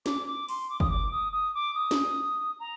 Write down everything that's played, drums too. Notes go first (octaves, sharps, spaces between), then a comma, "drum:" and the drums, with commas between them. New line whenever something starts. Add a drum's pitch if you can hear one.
D6, drum: snare C#4
D6
C6, drum: open hi-hat
D6
D#6, drum: kick
D6
D#6
D#6
D6
D#6
drum: snare C#4
A#5